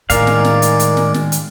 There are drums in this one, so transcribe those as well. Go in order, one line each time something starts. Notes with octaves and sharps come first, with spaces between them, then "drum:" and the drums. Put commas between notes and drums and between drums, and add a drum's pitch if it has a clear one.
A2 D#3 G#3 A#4 D5 F5 G#5 A#5, drum: hi-hat
drum: snare
drum: snare
drum: hi-hat
drum: hi-hat
drum: snare
drum: snare
drum: hi-hat